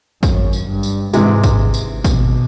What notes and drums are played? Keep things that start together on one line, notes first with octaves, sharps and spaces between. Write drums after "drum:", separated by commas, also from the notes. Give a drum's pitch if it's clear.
F#2, drum: kick, tambourine
drum: tambourine
G2
drum: tambourine
G#2 C3 E3 G#3, drum: tambourine
drum: kick, tambourine
drum: tambourine
B2, drum: kick, tambourine